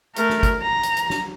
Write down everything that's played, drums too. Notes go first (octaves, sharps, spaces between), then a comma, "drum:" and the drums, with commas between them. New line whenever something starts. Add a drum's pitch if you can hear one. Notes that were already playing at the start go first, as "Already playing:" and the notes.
A3 A#4, drum: hi-hat
drum: snare
drum: kick, hi-hat
A#5
drum: hi-hat
drum: hi-hat
drum: snare